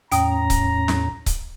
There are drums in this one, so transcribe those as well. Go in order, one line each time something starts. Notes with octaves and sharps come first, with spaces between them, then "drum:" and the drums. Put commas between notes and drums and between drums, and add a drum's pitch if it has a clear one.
E2 A2 C#4 G5 A#5 D#6, drum: hi-hat
drum: kick C#1, hi-hat
drum: snare
drum: kick C#1, hi-hat